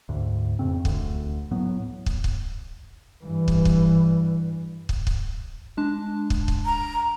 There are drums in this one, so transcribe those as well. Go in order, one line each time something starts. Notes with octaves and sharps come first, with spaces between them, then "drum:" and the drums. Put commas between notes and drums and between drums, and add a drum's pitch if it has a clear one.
D2 G#2
F2 C#3 C4
D2 D3, drum: kick
A2 F#3 B3
drum: kick
drum: kick
G2 E3
drum: kick
drum: kick
drum: kick
drum: kick
G#3 D4 A5
drum: kick
drum: kick
A#5